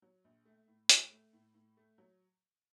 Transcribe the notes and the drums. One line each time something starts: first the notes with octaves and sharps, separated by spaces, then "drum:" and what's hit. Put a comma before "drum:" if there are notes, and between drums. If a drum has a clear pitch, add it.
F#3
A#1
A3
A2
A2, drum: hi-hat
A3
A2
A2
A3
F#3